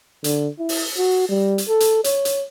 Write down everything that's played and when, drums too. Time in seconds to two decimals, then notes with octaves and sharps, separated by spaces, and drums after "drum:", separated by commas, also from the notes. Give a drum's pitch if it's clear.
0.24 D3, drum: hi-hat
0.59 E4
0.69 drum: open hi-hat
0.97 F#4
1.29 G3
1.58 drum: hi-hat
1.68 A4
1.80 drum: hi-hat
2.04 C#5, drum: hi-hat
2.25 drum: hi-hat